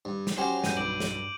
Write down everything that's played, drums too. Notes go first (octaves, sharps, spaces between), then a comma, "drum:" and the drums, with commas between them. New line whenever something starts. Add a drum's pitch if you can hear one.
G2
drum: snare
F#3 C#4 G4 C5
G2 G6 D#7, drum: snare
B1 D6 D7 F#7
drum: snare